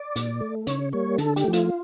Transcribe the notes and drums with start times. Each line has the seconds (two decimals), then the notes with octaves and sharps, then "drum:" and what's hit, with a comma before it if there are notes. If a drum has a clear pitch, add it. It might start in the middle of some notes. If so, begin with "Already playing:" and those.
Already playing: D5
0.16 A#2, drum: hi-hat
0.41 A3
0.67 C#3 C#5, drum: hi-hat
0.93 G3 A#3 C#5
1.18 D3 A4, drum: hi-hat
1.36 G4, drum: hi-hat
1.44 F3 A3
1.53 F4, drum: hi-hat